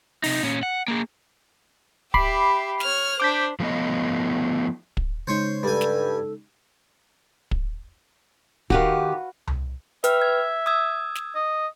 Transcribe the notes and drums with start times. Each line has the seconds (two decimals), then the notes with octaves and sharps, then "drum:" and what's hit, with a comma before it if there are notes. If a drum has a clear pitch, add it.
0.24 C3 D#4, drum: open hi-hat
0.43 A#2 C#4
0.63 F#5
0.88 A#3 G#4
2.14 G4 E5 B5 D6 C7, drum: kick
2.80 C#5 F6, drum: snare
3.20 D4 C5 D6 G6 B6
3.60 F3 A3 B3 D#5
4.97 drum: kick
5.27 C#3 G#3 D#4 C5 C#5
5.63 G2 G3 A4 G#5
5.81 drum: snare
7.51 drum: kick
8.70 D#3 F#4 G4 B4 F5, drum: kick
9.47 drum: tom C2
10.04 B4 E5 G5 F6, drum: hi-hat
10.22 G#6
10.66 D#6 E6 G#6
11.15 drum: snare
11.35 D#5